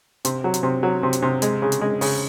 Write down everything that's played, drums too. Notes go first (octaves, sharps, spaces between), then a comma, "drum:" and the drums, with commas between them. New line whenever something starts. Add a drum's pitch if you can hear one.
C3, drum: hi-hat
F#3
drum: hi-hat
C3
F#3
C3
drum: hi-hat
C3
G#3, drum: hi-hat
C#3
drum: hi-hat
G#3
C#3, drum: open hi-hat